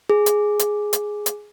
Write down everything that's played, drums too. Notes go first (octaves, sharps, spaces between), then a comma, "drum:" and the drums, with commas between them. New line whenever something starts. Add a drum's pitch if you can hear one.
G#4
drum: hi-hat
drum: hi-hat
drum: hi-hat
drum: hi-hat